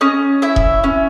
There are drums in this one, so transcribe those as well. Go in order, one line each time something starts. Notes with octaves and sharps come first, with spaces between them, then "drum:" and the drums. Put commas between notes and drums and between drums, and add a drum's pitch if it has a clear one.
C#4 D#5
E4 E5
drum: kick E1
C#4